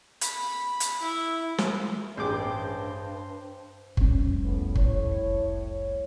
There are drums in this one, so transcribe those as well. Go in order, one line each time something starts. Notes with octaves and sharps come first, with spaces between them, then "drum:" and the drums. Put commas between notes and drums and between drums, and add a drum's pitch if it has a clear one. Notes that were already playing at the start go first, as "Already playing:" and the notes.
B5, drum: hi-hat
drum: hi-hat
E4
drum: snare
A1 G2 G#4 C5 G5 D6
F1 C2 C#4, drum: kick G1
A2 C#3 B3
A2 E4 C#5, drum: kick G1